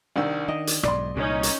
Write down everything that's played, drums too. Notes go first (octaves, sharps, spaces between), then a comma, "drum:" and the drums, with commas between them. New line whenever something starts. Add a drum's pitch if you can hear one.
C2 D#3 D4 E6
D#3 D#5
drum: hi-hat
B1 G#2 D5 C6, drum: rim click
C2 A#2 C#4 D#4
drum: hi-hat